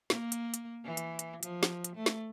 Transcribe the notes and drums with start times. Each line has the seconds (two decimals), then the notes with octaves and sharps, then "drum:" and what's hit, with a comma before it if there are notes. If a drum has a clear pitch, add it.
0.10 A#3, drum: snare
0.32 drum: hi-hat
0.54 drum: hi-hat
0.84 E3
0.97 drum: hi-hat
1.19 drum: hi-hat
1.43 F3, drum: hi-hat
1.63 drum: snare
1.84 drum: hi-hat
1.96 A3
2.06 drum: snare